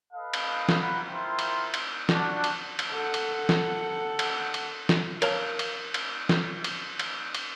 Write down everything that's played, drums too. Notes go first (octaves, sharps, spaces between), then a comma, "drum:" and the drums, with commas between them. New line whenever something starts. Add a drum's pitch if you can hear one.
A4 B4 D#5 F5
drum: cymbal
drum: snare
F#5 A#5 B5
E4 F4 A#4 C5 G5 C6
drum: cymbal
drum: cymbal
D4 F#4, drum: snare
drum: cymbal
drum: cymbal
A4 F#5
drum: cymbal
drum: snare
drum: cymbal
drum: cymbal
drum: snare
A#4 C#5 F5 A5, drum: cymbal
drum: cymbal
drum: cymbal
drum: snare
drum: cymbal
drum: cymbal
drum: cymbal